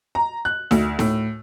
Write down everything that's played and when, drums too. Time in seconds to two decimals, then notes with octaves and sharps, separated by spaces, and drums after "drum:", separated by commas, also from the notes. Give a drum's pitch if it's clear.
0.15 A#5
0.45 F#6
0.71 D2, drum: snare D#4
0.99 A2, drum: snare D#4